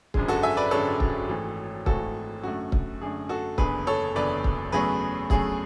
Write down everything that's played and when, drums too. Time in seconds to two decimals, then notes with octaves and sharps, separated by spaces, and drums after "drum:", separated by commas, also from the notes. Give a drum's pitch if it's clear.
0.14 G#1 F#2 D3 G#3, drum: kick C#1
0.28 F#4 A4
0.43 E5 G#5
0.57 B4 D5
0.71 G#1 F#2 D3 G#3 A4 C#5
1.00 drum: kick C#1
1.29 G#1 G#2 E3 A3
1.86 G#1 G#2 E3 A3 F#4 A4, drum: kick C#1
2.43 F#2 D3 A3 F#4
2.72 drum: kick C#1
3.01 F#2 D3 A3 G#4
3.29 F#4 A4
3.58 F#1 E2 D3 G#4 B4, drum: kick C#1
3.87 A4 C#5
4.15 F#1 E2 D3 B4 D5
4.44 drum: kick C#1
4.72 E2 C#3 F#3 A3 G#4 B4
5.30 E2 C#3 F#3 A3 G#4, drum: kick C#1